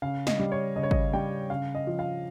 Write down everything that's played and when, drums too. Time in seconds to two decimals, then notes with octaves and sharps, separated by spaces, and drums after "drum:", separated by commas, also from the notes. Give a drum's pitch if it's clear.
0.02 C#3 F5
0.27 D#5, drum: snare
0.39 G3
0.52 C#5
0.76 C#3 D#5
0.83 C#5
0.91 D#5, drum: kick G#1
1.13 G3 G5
1.50 C#3 F5
1.75 D#5
1.87 F3
1.99 F5